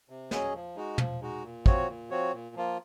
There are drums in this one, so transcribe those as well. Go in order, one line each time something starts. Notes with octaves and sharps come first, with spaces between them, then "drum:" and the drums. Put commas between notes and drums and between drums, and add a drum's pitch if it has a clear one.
C3
F#3 C#4 G#4 D#5, drum: snare
F3
G#3 D#4 F#4
F3, drum: tom
G#3 D#4 F#4
A#2
F3 C4 F#4 C#5, drum: kick
A#2
F3 C4 F#4 C#5
A#2
F3 A#3 F4